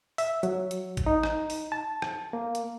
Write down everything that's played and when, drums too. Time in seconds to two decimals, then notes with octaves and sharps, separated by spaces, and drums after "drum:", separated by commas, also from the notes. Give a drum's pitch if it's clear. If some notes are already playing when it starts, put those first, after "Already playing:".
0.18 E5, drum: open hi-hat
0.43 F#3, drum: hi-hat
0.71 drum: hi-hat
0.97 drum: kick, hi-hat
1.06 D#4
1.23 drum: rim click
1.50 drum: open hi-hat
1.72 A5
2.02 drum: rim click
2.33 A#3
2.55 drum: hi-hat